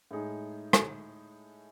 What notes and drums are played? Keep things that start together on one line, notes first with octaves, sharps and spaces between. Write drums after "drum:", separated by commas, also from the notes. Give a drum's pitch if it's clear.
A2 G#3 D#4 G#4
drum: rim click